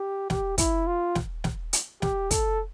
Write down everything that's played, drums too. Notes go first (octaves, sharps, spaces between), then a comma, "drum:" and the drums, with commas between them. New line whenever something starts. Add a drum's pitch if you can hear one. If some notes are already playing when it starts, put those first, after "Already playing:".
Already playing: G4
G4, drum: snare
E4, drum: kick, hi-hat
F4
drum: snare
drum: snare
drum: hi-hat
G4, drum: snare
A4, drum: kick, hi-hat